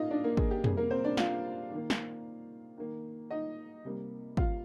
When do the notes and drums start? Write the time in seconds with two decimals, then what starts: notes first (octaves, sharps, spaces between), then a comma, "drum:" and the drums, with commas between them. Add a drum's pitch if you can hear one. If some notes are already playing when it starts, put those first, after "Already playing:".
Already playing: A#2 A#3 D#4 F4 D#5 F5
0.10 D4 D5
0.24 A#3 A#4
0.37 G#4, drum: kick
0.51 G4
0.64 C3 G3 A#3 G#4, drum: tom
0.77 A#3 A#4
0.91 C4 C5
1.04 D4 D5
1.17 F4 F5, drum: snare
1.70 D#3
1.76 A#3
1.90 drum: snare
2.77 D#3 A#3
3.30 D#4 D#5
3.85 C3 G3 A#3
4.37 F4 F5, drum: kick